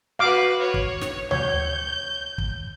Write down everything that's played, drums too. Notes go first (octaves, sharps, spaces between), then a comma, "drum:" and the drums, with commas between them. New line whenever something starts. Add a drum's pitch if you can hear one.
F#4 B4 F5 D6
C#5
drum: kick
drum: snare
C#5 G6, drum: tom D2
drum: kick